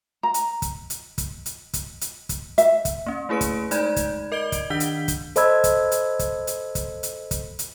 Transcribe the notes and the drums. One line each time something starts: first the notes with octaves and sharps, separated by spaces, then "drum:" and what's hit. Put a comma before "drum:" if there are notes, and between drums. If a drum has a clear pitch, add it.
A#5
drum: hi-hat
drum: kick, hi-hat
drum: hi-hat
drum: kick, hi-hat
drum: hi-hat
drum: kick, hi-hat
drum: hi-hat
drum: kick, hi-hat
E5, drum: hi-hat
drum: kick, hi-hat
A#3 C#4
A3 E4 G#4 B4 D7
drum: kick, hi-hat
G#3 D#4 D5 B5 G6 G#6, drum: hi-hat
drum: kick, hi-hat
A#4 D#5 G#6 D7 G7
drum: kick, hi-hat
D#3 D4 G6 B6 G7
drum: hi-hat
drum: kick, hi-hat
A4 C5 D#5 B5 E6 G#6, drum: hi-hat
drum: kick, hi-hat
drum: hi-hat
drum: kick, hi-hat
drum: hi-hat
drum: kick, hi-hat
drum: hi-hat
drum: kick, hi-hat
drum: hi-hat